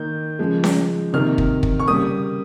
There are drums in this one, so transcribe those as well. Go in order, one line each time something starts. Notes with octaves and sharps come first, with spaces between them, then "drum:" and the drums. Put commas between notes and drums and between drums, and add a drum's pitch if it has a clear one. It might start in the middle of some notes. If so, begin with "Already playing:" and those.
Already playing: D#3 A#3 G6
C#3 F3 G#3
drum: snare C#4
C3 D#3 A#3 F6
drum: kick
drum: kick
C#6
C#3 G3 A#3 D#6